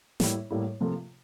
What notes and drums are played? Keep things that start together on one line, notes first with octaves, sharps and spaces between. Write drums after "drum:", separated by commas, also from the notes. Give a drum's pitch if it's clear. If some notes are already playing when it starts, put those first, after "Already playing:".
A2 G3 A#3 E4, drum: snare
A2 G3 A#3 E4
C3 F3 A#3 F4 A4